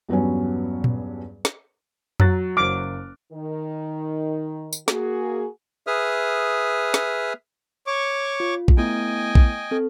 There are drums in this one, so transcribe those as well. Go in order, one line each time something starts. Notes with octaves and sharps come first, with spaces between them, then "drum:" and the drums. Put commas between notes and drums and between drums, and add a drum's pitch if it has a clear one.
E2 G2 F#3 B3 C#4
drum: tom A#2
drum: snare
F#3 A#5 F#6 A6, drum: tom F2
F#1 C5 D6 F6
D#3
drum: tambourine
A#3 F#4 G#4, drum: snare
G#4 B4 E5 D#6 F6
drum: snare
C#5 C#6 D6
F4
drum: kick
A3 B3 E4 D#5 G5 G#5
drum: kick
C4 A4